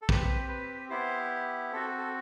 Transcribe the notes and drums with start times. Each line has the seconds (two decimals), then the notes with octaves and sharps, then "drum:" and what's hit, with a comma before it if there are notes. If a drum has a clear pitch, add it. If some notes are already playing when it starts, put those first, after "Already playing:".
0.02 A4
0.09 C4 G4 B4, drum: kick
0.49 B4
0.90 B3 E4 G4 C5
1.72 C4 F#4 A4
1.97 A4